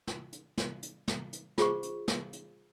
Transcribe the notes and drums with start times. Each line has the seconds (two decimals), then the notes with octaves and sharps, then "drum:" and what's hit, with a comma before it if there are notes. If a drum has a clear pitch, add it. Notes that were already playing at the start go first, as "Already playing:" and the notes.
0.07 drum: snare
0.32 drum: hi-hat
0.58 drum: snare
0.83 drum: hi-hat
1.08 drum: snare
1.33 drum: hi-hat
1.58 F4 G#4 C5 C#6, drum: snare
1.83 drum: hi-hat
2.08 drum: snare
2.33 drum: hi-hat